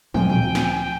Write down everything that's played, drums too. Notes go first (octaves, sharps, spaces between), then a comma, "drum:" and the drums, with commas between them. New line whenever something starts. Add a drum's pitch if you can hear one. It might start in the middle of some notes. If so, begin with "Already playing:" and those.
D2 A#2 F3 F#3 C4 G5 G#5, drum: tom
drum: tom
drum: snare